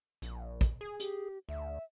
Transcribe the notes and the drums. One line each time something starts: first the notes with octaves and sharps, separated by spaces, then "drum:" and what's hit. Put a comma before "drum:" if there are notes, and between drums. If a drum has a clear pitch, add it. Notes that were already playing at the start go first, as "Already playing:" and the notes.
A#1, drum: hi-hat
drum: kick, hi-hat
G#4
G4, drum: hi-hat
D2 E5